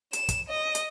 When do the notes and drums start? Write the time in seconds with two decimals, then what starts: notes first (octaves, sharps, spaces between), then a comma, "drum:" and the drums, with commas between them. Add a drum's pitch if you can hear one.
0.13 E7, drum: hi-hat
0.29 drum: kick, hi-hat
0.48 D#5
0.75 drum: hi-hat